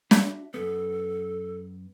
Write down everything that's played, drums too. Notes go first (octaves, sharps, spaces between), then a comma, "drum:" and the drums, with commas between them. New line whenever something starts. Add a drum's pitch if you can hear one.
D4 F#4 E5, drum: snare
F#2 B3 A4